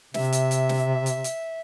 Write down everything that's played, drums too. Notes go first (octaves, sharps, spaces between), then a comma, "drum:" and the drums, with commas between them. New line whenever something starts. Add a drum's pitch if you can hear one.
C3 E5, drum: snare
drum: hi-hat
drum: hi-hat
drum: snare
drum: hi-hat
drum: hi-hat